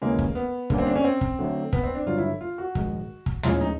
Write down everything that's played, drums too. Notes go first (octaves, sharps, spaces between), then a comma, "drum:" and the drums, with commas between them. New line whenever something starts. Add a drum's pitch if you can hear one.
D#2 C#3 E3 G#3 A#3 C#4
drum: kick
B3
D3 G3 A#3 C#4, drum: kick
C4
D4
C#4
C4
drum: kick
D3 F#3 A3
B3, drum: kick
C4
D4
G#1 G2 D3 F#3 F4
E4
F4
F#4
A#1 G#2 D#3 G#3, drum: kick
drum: kick
A2 F3 G#3 C#4 F4, drum: tom
D#4